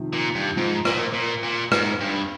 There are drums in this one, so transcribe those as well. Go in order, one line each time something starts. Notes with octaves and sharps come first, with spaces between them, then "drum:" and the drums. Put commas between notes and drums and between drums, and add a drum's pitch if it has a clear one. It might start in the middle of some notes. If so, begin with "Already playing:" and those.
Already playing: C3 D#3 F3
A#2
G2
G#2 F3
A#2, drum: rim click
A#2
A#2
G#2, drum: rim click
G2